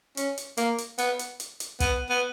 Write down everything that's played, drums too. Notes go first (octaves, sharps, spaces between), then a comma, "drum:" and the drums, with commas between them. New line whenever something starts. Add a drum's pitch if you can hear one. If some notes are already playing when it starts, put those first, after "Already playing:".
C#4, drum: hi-hat
drum: hi-hat
A#3, drum: hi-hat
drum: hi-hat
B3, drum: hi-hat
drum: hi-hat
drum: hi-hat
drum: hi-hat
B3, drum: kick, hi-hat
B3